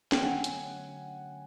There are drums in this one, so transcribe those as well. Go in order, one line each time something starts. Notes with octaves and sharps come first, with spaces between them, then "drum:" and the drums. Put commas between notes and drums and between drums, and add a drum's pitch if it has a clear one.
G5, drum: snare
D3 F#3 A3 C#4 F#5 G#5
drum: hi-hat